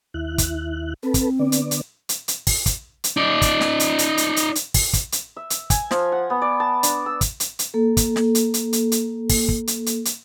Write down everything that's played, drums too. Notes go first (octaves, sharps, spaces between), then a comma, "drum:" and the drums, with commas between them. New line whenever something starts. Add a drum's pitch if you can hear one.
D#2 E4 F#6
drum: kick, hi-hat
C4 A4 B4
drum: kick, hi-hat
D3 B3 D5
drum: hi-hat
drum: hi-hat
drum: hi-hat
drum: hi-hat
drum: kick, open hi-hat
drum: kick, hi-hat
drum: hi-hat
D#4 D5
drum: kick, hi-hat
drum: snare
drum: hi-hat
drum: hi-hat
drum: hi-hat
drum: hi-hat
drum: hi-hat
drum: kick, open hi-hat
drum: kick, hi-hat
drum: hi-hat
E5
drum: hi-hat
G#5, drum: kick, hi-hat
F3, drum: snare
F#5
B3
D5
A5
D4, drum: hi-hat
E6
drum: kick, hi-hat
drum: hi-hat
drum: hi-hat
A#3 A4
drum: kick, hi-hat
drum: snare
drum: hi-hat
drum: hi-hat
drum: hi-hat
drum: hi-hat
drum: kick, open hi-hat
drum: kick
drum: hi-hat
drum: hi-hat
drum: hi-hat